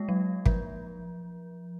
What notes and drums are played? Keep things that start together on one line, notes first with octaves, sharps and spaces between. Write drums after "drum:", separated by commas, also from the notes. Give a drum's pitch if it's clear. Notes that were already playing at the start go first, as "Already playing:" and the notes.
Already playing: G#3 A#3
F#3
F3, drum: kick